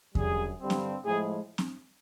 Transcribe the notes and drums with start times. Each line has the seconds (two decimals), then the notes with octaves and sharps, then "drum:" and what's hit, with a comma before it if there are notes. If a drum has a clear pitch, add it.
0.15 F#2 D3 G3 G#4, drum: kick E2
0.61 G2 D3 G3 C4
0.70 drum: snare C4
1.04 A2 F3 G#3 G#4
1.58 drum: snare C4